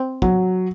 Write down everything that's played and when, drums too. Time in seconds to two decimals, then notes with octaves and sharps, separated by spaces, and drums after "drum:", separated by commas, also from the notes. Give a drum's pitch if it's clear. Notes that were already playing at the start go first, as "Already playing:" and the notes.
Already playing: C4
0.22 F#3, drum: kick